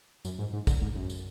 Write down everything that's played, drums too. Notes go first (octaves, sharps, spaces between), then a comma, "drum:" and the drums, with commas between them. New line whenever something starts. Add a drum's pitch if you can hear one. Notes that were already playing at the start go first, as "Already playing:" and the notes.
F#2, drum: tambourine
G#2
G#2
D3, drum: kick, tambourine
G#2
F#2
drum: tambourine